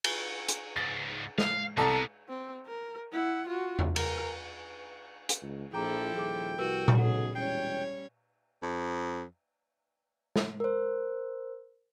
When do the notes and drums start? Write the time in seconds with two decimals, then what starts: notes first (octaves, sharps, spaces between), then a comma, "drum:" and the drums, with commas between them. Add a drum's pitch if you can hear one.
0.04 drum: cymbal
0.49 drum: hi-hat
0.76 C#2 G#2 A6
1.38 F5, drum: snare
1.77 C2 F#2 A2 A4 A#5
1.90 B2
2.29 C4
2.66 A#4
3.12 E4 F#5
3.47 F4 F#4
3.79 drum: tom E2
3.96 A#4, drum: cymbal
5.29 drum: hi-hat
5.42 C#2
5.73 A#1 F3 E4 G#4 A4 G5 A#5 D6
6.16 D#1 G#4 D6
6.58 C2 F#4 A#4 B4 E6
6.88 drum: tom A#2
6.98 B1 C#3 F#3 G#4 A4 F#5
7.35 E1 G3 C#4 C#5 G5 C7
8.63 F2
10.36 drum: snare
10.60 A#4 C5